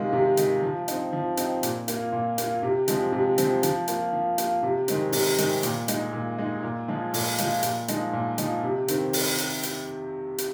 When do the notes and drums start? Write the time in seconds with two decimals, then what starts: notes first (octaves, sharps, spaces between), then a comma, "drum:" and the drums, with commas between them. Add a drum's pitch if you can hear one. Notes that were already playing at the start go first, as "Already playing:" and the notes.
Already playing: C3 D#3 G#3 F4
0.13 C3
0.37 D#3 G#3 F4, drum: hi-hat
0.62 F3
0.88 C4 D#4, drum: hi-hat
1.13 F3
1.37 C4 D#4, drum: hi-hat
1.63 A#2, drum: hi-hat
1.88 A#3 F4, drum: hi-hat
2.12 A#2
2.38 A#3 F4, drum: hi-hat
2.63 C3
2.88 F3 G#3 C4, drum: hi-hat
3.12 C3
3.38 F3 G#3 C4, drum: hi-hat
3.63 F3, drum: hi-hat
3.88 A#3 F4, drum: hi-hat
4.12 F3
4.38 A#3 F4, drum: hi-hat
4.63 C3
4.88 D#3 G#3 C4, drum: hi-hat
5.12 C3, drum: open hi-hat
5.38 D#3 G#3 C4, drum: hi-hat
5.63 A#2, drum: hi-hat
5.88 G#3 D#4, drum: hi-hat
6.13 A#2
6.38 G#3 D#4
6.63 A#2
6.88 F3 G#3 F4
7.14 A#2, drum: open hi-hat
7.38 F3 G#3 F4, drum: hi-hat
7.63 A#2, drum: hi-hat
7.88 F3 G#3 D#4, drum: hi-hat
8.13 A#2
8.38 F3 G#3 D#4, drum: hi-hat
8.63 C3
8.88 D#3 C4, drum: hi-hat
9.13 drum: open hi-hat
9.38 drum: hi-hat
9.63 drum: hi-hat
10.38 drum: hi-hat